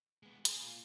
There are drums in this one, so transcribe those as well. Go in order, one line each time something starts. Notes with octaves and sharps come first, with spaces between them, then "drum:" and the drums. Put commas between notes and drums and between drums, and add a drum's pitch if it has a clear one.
G#3 B3
G#4, drum: hi-hat
A#3 F4